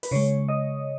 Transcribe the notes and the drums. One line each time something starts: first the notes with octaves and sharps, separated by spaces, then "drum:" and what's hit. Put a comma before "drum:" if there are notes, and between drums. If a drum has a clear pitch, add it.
B4, drum: open hi-hat
C#3 G#3 C#5
D#5